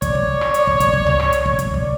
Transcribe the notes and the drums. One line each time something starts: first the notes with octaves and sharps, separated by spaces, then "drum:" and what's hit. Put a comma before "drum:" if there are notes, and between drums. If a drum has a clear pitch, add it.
C#5 D5, drum: kick, hi-hat
drum: kick
drum: rim click
drum: hi-hat
drum: kick
drum: kick, hi-hat
drum: kick
drum: tom C2
drum: rim click
drum: hi-hat
drum: kick
drum: kick, hi-hat
D5, drum: kick